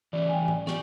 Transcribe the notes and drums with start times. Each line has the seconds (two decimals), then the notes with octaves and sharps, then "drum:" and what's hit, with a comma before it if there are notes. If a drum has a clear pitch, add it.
0.13 E3 G3 C#4 D5
0.29 G5 G#5
0.48 drum: tom A2
0.67 G4 D5 C#6, drum: snare